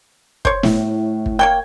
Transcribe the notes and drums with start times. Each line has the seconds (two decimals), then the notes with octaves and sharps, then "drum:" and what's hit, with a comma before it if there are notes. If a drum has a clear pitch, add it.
0.45 C5 C#5, drum: kick
0.63 A2, drum: snare
1.26 drum: kick
1.39 A#3 C#5 G5 G#6